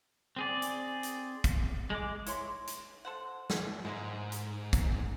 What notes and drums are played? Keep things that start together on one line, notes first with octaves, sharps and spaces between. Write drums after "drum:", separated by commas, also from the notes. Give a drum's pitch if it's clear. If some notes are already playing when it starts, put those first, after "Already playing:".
C4 G#4 D5
drum: hi-hat
drum: hi-hat
drum: kick, hi-hat
G#3 D6
E4 C#5 C6, drum: hi-hat
drum: hi-hat
A4 C5 F#5
drum: snare
G#2 D#3 G#3 E4
drum: hi-hat
drum: kick, hi-hat